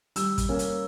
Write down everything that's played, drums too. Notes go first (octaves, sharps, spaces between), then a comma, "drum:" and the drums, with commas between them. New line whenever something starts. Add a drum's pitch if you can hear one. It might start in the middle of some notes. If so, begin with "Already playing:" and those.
G3 E6, drum: hi-hat
drum: kick, hi-hat
A#3 C#4
drum: hi-hat